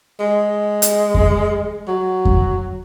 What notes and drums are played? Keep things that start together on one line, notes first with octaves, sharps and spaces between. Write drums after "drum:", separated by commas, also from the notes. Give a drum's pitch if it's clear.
G#3
drum: hi-hat
drum: kick F2
F#3
drum: kick F2